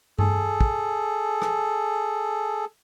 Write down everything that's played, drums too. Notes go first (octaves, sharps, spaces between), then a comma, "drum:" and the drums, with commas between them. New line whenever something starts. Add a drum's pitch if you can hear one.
G#4 A4, drum: tom G2
drum: kick
drum: rim click